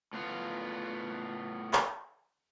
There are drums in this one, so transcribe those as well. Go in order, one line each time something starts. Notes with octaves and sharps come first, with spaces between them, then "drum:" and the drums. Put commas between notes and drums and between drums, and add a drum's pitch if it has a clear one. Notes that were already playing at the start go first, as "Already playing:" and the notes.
A2 B3 F4
drum: clap